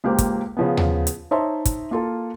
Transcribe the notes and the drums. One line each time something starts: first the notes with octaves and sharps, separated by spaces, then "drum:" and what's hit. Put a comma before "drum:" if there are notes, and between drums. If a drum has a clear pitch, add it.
C#2 A#3 G4 C5
drum: kick, hi-hat
C#3 F3 B3
drum: tom D#2
drum: hi-hat
D#4 C5 C#5 E5 A5 C6
drum: kick, hi-hat
A#3 F4 A4